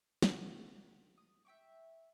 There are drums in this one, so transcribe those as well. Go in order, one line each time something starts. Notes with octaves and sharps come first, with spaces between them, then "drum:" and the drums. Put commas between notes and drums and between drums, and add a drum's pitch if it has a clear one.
F#5 G5, drum: snare
D#6
E5 G5 C#6 D6